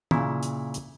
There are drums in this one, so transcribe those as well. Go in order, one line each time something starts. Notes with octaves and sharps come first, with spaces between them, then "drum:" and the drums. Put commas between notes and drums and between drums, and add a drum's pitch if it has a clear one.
A#2 C#3 E4, drum: tom
drum: hi-hat
drum: hi-hat